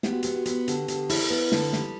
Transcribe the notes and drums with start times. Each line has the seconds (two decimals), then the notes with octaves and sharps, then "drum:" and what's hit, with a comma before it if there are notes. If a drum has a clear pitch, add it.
0.03 B3 G4, drum: snare
0.12 F#4
0.23 B3 G4, drum: hi-hat
0.36 F#4
0.46 B3, drum: hi-hat
0.68 D3 G4, drum: hi-hat
0.88 D3 G4, drum: hi-hat
0.98 A4
1.09 E4, drum: open hi-hat
1.30 B3 B4
1.52 D3, drum: snare
1.61 A4
1.73 G3, drum: snare